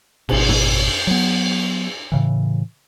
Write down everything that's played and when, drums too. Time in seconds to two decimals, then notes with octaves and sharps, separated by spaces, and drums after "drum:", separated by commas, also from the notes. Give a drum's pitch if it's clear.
0.29 G#1 B2, drum: cymbal
0.49 drum: tom
1.07 F#3 B3
2.12 A2 C#3 E3